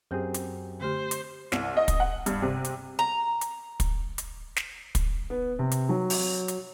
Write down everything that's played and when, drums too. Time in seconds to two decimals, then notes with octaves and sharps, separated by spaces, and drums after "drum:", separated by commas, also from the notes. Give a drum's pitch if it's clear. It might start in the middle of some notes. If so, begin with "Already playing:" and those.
0.11 F#2 C4 G4 G#4 G6
0.34 drum: hi-hat
0.81 D3 A3 G4 C5
1.11 drum: hi-hat
1.52 C2, drum: snare
1.77 D#5
1.88 drum: kick, hi-hat
2.00 F#5
2.26 G2, drum: hi-hat
2.42 C3
2.65 drum: hi-hat
2.99 A#5
3.41 drum: hi-hat
3.80 drum: kick, hi-hat
4.18 drum: hi-hat
4.56 drum: snare
4.95 drum: kick, hi-hat
5.30 B3
5.59 C3
5.72 drum: hi-hat
5.89 F#3
6.10 drum: open hi-hat
6.48 drum: hi-hat